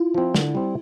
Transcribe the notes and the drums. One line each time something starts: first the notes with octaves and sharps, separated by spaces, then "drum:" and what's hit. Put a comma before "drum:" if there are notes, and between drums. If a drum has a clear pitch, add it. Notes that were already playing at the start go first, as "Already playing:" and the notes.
Already playing: E4 F4
F3 C4
D3, drum: snare
G3 C4